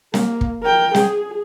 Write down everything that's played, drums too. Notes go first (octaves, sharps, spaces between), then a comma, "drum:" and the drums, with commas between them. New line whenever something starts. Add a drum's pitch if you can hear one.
A#3, drum: snare
drum: kick
A#4 G5
G#4, drum: snare